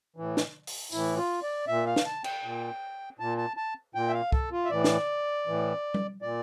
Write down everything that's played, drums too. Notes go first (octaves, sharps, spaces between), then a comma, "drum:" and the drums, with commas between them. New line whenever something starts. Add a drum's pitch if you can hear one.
A2 E3
drum: snare
drum: open hi-hat
A2 E3 E4, drum: tambourine
F4
D5
A#2 E5
F5
drum: snare
A5
G5, drum: cymbal
A#2
A#2 A5
A5
A5
A#2 G5
E5
F5
A4, drum: kick C2
F4
E5
A2 E3 D5
drum: snare
A2 E3
drum: tom G3
A#2 D5